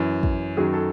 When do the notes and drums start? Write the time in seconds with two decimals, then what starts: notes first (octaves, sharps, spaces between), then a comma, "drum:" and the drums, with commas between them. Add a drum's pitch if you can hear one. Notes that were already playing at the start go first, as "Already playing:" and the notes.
Already playing: F#2 E3
0.23 drum: kick
0.57 F#2 D#3 F#3 G#4
0.73 A4